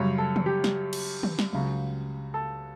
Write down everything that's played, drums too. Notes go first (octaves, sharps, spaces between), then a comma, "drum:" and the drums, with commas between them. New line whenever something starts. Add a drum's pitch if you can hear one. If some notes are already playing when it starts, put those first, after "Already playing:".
Already playing: F#2 C#3 G3 C#5
A4
drum: tom
G4
drum: snare
drum: cymbal
drum: tom
drum: snare
C#2 C#3 F#3
A4